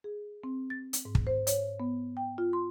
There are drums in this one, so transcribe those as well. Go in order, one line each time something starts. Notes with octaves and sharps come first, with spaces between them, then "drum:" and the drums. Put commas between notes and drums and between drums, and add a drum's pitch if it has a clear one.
G#4
C4
A6
drum: hi-hat
G#2
drum: kick
C5
C#5, drum: hi-hat
B3
G5
F4
C6